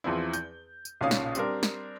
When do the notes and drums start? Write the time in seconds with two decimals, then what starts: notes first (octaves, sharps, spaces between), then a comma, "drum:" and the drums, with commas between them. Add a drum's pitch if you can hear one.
0.04 E2 F3 C4 E4
0.33 G6, drum: tambourine
0.85 drum: tambourine
1.01 B1 A#2 C#3 C#4 F5 D#6
1.11 drum: snare
1.35 G3 C4 D4 A#4, drum: tambourine
1.63 drum: snare